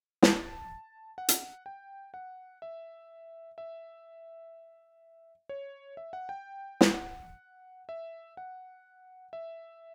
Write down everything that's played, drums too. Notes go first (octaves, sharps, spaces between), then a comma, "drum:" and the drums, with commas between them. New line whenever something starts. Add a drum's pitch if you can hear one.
A5, drum: snare
F#5
drum: hi-hat
G5
F#5
E5
E5
C#5
E5
F#5
G5
drum: snare
F#5
E5
F#5
E5